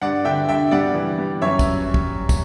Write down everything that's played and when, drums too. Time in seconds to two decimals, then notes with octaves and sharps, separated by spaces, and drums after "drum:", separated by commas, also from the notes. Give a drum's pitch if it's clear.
0.02 G2 D5 F#5
0.25 D3 E5 G5
0.48 G2 E5 G5
0.71 G3 D5 F#5
0.95 E3
1.18 G3
1.42 F#2 C#5 E5
1.59 drum: kick, tambourine
1.94 drum: kick
2.29 drum: kick, tambourine